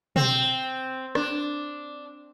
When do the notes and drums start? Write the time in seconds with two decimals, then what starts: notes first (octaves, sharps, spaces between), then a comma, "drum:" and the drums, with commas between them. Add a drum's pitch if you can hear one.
0.16 C4, drum: tom B2
1.15 D4, drum: rim click